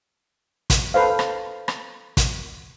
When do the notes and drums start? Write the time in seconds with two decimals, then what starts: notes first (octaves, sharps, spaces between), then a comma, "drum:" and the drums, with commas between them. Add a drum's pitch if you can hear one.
0.70 drum: kick, hi-hat
0.94 A4 B4 C5 F5
1.19 drum: rim click
1.68 drum: rim click
2.17 drum: kick, hi-hat